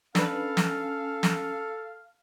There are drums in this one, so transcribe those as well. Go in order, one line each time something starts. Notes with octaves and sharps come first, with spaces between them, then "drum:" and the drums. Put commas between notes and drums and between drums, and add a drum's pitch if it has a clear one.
C#4 D4 A4 B4 F5, drum: snare
drum: snare
drum: snare